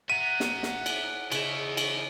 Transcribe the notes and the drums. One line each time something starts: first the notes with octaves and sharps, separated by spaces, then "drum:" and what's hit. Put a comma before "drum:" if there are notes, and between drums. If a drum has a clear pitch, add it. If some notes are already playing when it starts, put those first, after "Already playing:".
E5 F#5 A#5 D#7
drum: snare
drum: snare
drum: cymbal
C#3 B3 D#4 E5 G#5 C#6, drum: cymbal
drum: cymbal